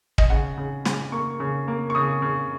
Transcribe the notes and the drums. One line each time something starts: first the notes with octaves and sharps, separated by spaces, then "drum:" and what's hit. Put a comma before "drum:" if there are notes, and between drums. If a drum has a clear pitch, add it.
D#5, drum: kick
C#3 F#5
C#3
C#3, drum: snare
A#3 C#6
C#3
A#3
C#6
C#3 D#6
C#3